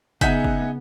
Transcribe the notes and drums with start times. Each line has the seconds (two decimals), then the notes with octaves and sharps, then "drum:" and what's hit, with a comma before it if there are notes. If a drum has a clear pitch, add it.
0.21 C#3 B3 D#4 G#4 E5 F#5 G#5 G6, drum: kick, hi-hat
0.44 drum: kick